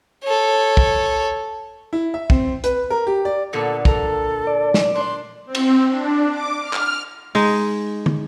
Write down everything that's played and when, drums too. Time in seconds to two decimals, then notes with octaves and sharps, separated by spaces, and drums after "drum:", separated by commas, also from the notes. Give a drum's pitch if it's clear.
0.24 A4 C#5
0.77 drum: kick
1.93 E4
2.14 E5
2.30 C4, drum: kick
2.64 B4, drum: hi-hat
2.90 A#4
3.07 G4
3.25 D5
3.53 A#2 D3 B3 A4
3.85 A4 A#5, drum: kick
4.47 D5
4.74 drum: snare
4.96 D4 C6
5.45 C4
5.55 drum: cymbal
5.89 D4
6.30 D6
6.61 F6
6.73 drum: clap
7.35 G#3 D#4, drum: open hi-hat
8.06 drum: tom